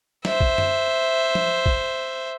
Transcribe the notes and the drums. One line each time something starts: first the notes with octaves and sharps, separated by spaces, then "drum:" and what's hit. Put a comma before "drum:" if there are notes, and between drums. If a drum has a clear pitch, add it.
C5 E5, drum: snare
drum: kick
drum: tom F#2
drum: tom F3
drum: kick